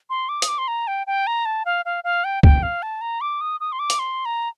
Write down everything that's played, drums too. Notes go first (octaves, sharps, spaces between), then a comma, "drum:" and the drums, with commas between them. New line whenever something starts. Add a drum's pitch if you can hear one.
C6
D6
D#6, drum: hi-hat
D6
C6
A#5
G5
G5
A#5
A5
F5
F5
F5
G5
G5, drum: kick C#2
F5
A5
A#5
D6
D#6
D#6
C6
D6
drum: hi-hat
C6
A#5